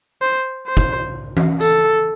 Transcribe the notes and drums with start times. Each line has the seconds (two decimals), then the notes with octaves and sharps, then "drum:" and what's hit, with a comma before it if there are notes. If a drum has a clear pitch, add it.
0.22 C5
0.68 C5
0.77 drum: kick
1.37 drum: tom E3
1.61 A4, drum: tambourine